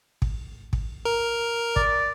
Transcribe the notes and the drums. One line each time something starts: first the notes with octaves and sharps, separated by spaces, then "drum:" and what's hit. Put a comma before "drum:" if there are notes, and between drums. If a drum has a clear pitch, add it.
drum: kick
drum: kick
A#4
D5, drum: kick